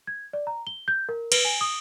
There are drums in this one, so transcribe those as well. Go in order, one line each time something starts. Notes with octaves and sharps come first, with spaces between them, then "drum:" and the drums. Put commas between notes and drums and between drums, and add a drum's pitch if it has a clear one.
G#6
D5
A#5
G7
G6
A#4
B4, drum: cymbal
G#5
D#6